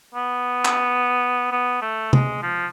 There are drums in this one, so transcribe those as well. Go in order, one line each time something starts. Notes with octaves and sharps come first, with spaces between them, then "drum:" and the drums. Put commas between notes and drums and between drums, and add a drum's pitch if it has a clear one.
B3
drum: clap
B3
A3
G#3, drum: tom C3
F3